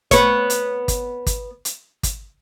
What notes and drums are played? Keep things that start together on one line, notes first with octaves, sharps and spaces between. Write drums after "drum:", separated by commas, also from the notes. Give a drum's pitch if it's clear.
B3 C#5, drum: kick, hi-hat
drum: hi-hat
drum: kick, hi-hat
drum: kick, hi-hat
drum: hi-hat
drum: kick, hi-hat